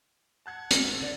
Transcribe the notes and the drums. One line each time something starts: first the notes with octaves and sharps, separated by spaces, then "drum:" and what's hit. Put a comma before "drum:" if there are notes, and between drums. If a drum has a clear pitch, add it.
F#5 A5 F#6 G#6
G#2 E6 A6, drum: hi-hat
D3 D5